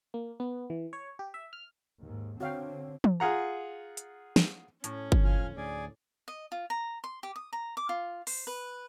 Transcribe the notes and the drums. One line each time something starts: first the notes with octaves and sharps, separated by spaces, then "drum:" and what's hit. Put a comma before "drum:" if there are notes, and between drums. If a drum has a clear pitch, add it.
A#3
B3
E3
C#5
G4
E5
F6
D#2 G#2
D3 C4 F#4 C#5 F5 G5
drum: tom
F4 G#4 F#5 A#5
drum: hi-hat
drum: snare
A2 C#4, drum: hi-hat
drum: kick G1
D1 G1 F3 F4 G#5 F6
D2 G#4 D5 G#5
D#5
F4
A#5
C6
G4
D#6
A#5
D6
F4
C5, drum: open hi-hat
B4